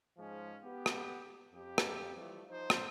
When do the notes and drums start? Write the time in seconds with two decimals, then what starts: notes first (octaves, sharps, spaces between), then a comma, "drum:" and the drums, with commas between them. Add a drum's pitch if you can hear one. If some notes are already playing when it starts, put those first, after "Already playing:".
0.18 G#2 F3 G#3 C#4
0.63 B3 G4
0.86 drum: rim click
1.53 F2 G4
1.78 drum: rim click
2.15 E3 F3 G3 A3
2.49 F3 D#4 C5
2.70 drum: rim click